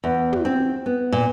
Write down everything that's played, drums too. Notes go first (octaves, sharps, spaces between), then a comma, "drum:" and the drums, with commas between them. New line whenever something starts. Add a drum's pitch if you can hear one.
E2
drum: tom
C4
B3
A#2